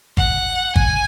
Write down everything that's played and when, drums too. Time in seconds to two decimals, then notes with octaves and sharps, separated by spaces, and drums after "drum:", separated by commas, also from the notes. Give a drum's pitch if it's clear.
0.17 F#5, drum: kick G#1
0.76 G#5, drum: kick G#1